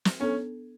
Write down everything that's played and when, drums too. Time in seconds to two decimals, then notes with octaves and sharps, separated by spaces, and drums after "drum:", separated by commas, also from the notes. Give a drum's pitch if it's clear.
0.05 drum: snare
0.20 B3 C#4 D4 A4